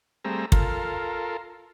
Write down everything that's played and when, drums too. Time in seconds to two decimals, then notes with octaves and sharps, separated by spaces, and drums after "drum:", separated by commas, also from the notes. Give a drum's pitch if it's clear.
0.24 G3 A3 C4 G#4 A#5 E6
0.52 F4 A4 A#4, drum: kick